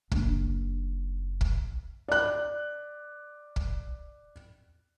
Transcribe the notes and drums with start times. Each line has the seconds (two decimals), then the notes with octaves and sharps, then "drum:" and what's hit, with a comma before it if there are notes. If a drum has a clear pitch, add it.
0.12 F#1 D4, drum: kick
1.41 drum: kick
2.08 D5 F#6
3.56 drum: kick